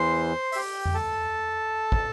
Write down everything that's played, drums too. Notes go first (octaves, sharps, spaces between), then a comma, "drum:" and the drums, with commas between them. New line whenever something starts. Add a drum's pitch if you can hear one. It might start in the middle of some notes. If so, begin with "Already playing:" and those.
Already playing: E2 E3 C5 C6
E5, drum: open hi-hat
G4 G5
drum: tom F2
A4 A5
drum: kick